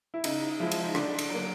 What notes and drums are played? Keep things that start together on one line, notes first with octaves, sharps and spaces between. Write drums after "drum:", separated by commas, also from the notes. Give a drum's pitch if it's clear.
E4
C#3 D#4, drum: cymbal
F3 G#3 E4
drum: cymbal
D#4
D3 D4, drum: rim click
drum: cymbal
F#3 A#3